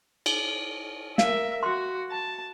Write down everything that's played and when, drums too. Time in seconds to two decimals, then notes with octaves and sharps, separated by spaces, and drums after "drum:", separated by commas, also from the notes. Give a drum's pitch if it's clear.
0.26 drum: cymbal
1.18 A#4 E5 F5, drum: snare
1.63 F#4 C6
2.11 A5